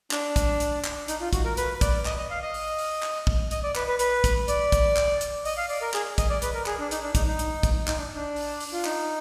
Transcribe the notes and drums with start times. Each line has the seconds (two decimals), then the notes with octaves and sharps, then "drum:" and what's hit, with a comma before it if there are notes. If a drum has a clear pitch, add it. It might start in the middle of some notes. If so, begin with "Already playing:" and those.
0.11 D4, drum: clap
0.36 drum: kick, hi-hat
0.60 drum: hi-hat
0.84 drum: clap
1.08 D#4, drum: hi-hat
1.21 F4
1.33 F#4, drum: kick, hi-hat
1.45 A#4
1.57 B4, drum: hi-hat
1.81 D5, drum: kick, hi-hat
2.05 D#5, drum: clap
2.18 D#5
2.30 F5
2.42 D#5
2.54 drum: open hi-hat
2.78 drum: open hi-hat
3.03 drum: clap
3.27 drum: kick
3.51 D#5, drum: hi-hat
3.63 D5
3.76 B4, drum: clap
3.87 B4
3.99 B4, drum: hi-hat
4.24 drum: kick, hi-hat
4.48 D5, drum: hi-hat
4.72 drum: kick, hi-hat
4.97 drum: clap
5.21 drum: hi-hat
5.45 D#5, drum: open hi-hat
5.57 F5
5.69 D5, drum: open hi-hat
5.81 A#4
5.94 G#4, drum: clap
6.18 D#5, drum: kick, hi-hat
6.30 D5
6.42 B4, drum: hi-hat
6.54 A#4
6.66 G#4, drum: clap
6.79 D4
6.91 D#4, drum: hi-hat
7.02 D4
7.15 D#4, drum: kick, hi-hat
7.27 D#4
7.39 drum: hi-hat
7.63 drum: kick, hi-hat
7.88 D#4, drum: clap
7.97 D4
8.15 D4
8.36 drum: open hi-hat
8.60 drum: open hi-hat
8.73 F4
8.85 D#4, drum: clap